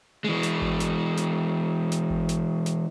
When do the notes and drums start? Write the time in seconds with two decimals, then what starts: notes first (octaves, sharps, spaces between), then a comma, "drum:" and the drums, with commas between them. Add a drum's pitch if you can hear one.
0.24 E3 G#3
0.43 drum: snare
0.62 drum: kick G#1
0.80 drum: snare
1.17 drum: snare
1.92 drum: snare
2.10 drum: kick G#1
2.29 drum: snare
2.66 drum: snare